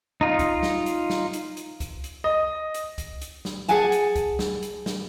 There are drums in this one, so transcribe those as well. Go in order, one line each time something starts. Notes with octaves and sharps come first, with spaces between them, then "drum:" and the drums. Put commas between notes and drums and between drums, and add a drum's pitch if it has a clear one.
D#4 F4
drum: kick, hi-hat
drum: snare
drum: hi-hat
drum: snare
drum: hi-hat
drum: hi-hat
drum: kick, hi-hat
drum: hi-hat
D#5
drum: hi-hat
drum: kick, hi-hat
drum: hi-hat
drum: snare
G#4 D5 F#5 G#5 A5, drum: hi-hat
drum: hi-hat
drum: kick, hi-hat
drum: snare
drum: hi-hat
drum: snare